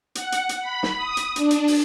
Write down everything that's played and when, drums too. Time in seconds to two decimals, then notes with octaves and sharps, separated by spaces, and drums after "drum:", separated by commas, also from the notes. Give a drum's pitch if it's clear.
0.15 F#5, drum: hi-hat
0.32 drum: hi-hat
0.49 drum: hi-hat
0.60 B5
0.83 drum: snare
0.96 D#6
1.17 drum: hi-hat
1.36 D4, drum: hi-hat
1.51 drum: hi-hat
1.67 drum: open hi-hat